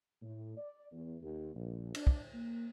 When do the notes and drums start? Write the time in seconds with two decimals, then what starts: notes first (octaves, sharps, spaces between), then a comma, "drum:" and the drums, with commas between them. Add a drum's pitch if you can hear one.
0.22 A2
0.57 D5
0.92 E2
1.22 D#2
1.55 A#1
1.95 D4, drum: cymbal
2.07 drum: kick
2.34 A#3